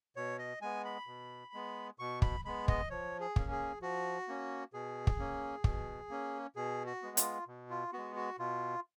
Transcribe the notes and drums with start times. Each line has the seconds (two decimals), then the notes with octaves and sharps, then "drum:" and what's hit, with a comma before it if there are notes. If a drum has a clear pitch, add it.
0.16 B2 C#5
0.39 D#5
0.61 G#3 B3 G#5
0.85 B5
1.07 B2
1.54 G#3 B3
1.99 B2 C#6
2.22 B5, drum: kick
2.45 G#3 B3 B5
2.68 D#5, drum: kick
2.90 F3 C#5
3.20 G#4
3.36 A#3 C#4, drum: kick
3.51 G#4
3.82 F3 F#4
4.28 A#3 C#4
4.73 B2 G#4
5.07 drum: kick
5.19 A#3 C#4
5.64 B2, drum: kick
6.10 A#3 C#4
6.56 B2 G#4
6.86 F#4
7.02 G#3 B3
7.17 F4, drum: hi-hat
7.47 B2
7.70 F4
7.93 G#3 B3 F#4
8.16 F#4
8.39 B2 F4